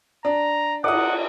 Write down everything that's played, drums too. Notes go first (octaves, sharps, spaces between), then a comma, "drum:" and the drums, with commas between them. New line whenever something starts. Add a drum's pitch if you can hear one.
D4 A#5
F#5 D6 D#6, drum: cymbal